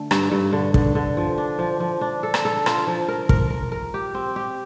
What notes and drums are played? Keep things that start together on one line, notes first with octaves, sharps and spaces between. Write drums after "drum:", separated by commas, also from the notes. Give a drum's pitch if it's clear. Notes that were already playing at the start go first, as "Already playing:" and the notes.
Already playing: D3 A3
G2, drum: rim click
G2
D3
D3, drum: kick
D3
F3
D4
F3
F3
D4
A4
drum: rim click
A4
F4, drum: rim click
F3
A#4
A#4, drum: kick
A#4
A#4
G4
C4
G4